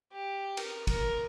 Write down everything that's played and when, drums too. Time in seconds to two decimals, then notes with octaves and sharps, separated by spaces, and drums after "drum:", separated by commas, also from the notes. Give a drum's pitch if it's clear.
0.13 G4
0.57 A#4, drum: cymbal
0.87 A#4, drum: kick, cymbal